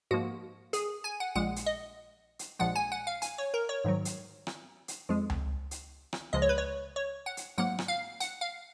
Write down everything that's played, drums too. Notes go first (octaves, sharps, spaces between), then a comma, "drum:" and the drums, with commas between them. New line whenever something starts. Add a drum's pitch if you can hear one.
G#2 F3 A#3 F#4
G#4, drum: hi-hat
G#5
F#5
A#1 A#2 G#3 F#5
drum: hi-hat
D#5
drum: hi-hat
A#1 A#2 F3 G#3 F#5
G#5
F#5
F5
G#5, drum: hi-hat
C#5
A#4
C#5
G#2 D#3 F#3
drum: hi-hat
drum: rim click
drum: hi-hat
F2 F3 G#3
drum: tom C#2
drum: hi-hat
drum: rim click
C#2 C#3 F3 G#3 D#5
C#5
B4
C#5
C#5
F#5
drum: hi-hat
G#2 F#3 A#3 F#5
drum: rim click
F5
F#5, drum: hi-hat
F5